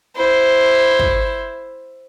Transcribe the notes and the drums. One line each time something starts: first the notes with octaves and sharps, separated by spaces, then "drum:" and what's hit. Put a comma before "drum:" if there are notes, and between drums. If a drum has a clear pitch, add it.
E4 C5
drum: kick